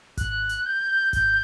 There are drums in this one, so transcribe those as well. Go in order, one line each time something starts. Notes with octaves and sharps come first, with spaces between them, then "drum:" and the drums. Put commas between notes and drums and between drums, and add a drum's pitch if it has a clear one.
F#6, drum: kick G#1, hi-hat
drum: hi-hat
G6
G6, drum: kick G#1, hi-hat